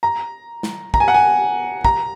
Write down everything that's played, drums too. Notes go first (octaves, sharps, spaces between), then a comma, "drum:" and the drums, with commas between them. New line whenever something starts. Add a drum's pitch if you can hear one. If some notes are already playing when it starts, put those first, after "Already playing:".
A#5
drum: snare
A#5, drum: kick
G#5
F#5
G#5
A#5, drum: kick